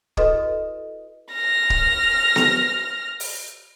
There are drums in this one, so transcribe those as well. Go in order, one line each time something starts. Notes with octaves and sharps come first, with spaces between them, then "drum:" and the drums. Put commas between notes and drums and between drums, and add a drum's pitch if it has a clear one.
E4 F#4 A4 B4 D#5 D#6, drum: kick
F6 A#6
drum: kick
drum: snare B3
drum: open hi-hat